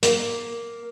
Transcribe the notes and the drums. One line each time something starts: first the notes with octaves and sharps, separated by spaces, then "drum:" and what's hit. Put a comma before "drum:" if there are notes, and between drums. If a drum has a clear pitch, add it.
A#3, drum: hi-hat